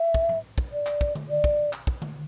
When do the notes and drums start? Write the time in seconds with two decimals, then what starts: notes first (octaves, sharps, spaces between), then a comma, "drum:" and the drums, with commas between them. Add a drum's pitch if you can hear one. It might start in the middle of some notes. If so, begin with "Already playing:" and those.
Already playing: E5
0.14 drum: kick
0.29 drum: tom G#2
0.58 drum: kick
0.73 D5
0.86 drum: clap
1.01 drum: kick
1.15 drum: tom D3
1.30 D5
1.44 drum: kick
1.73 drum: clap
1.87 drum: kick
2.02 drum: tom D3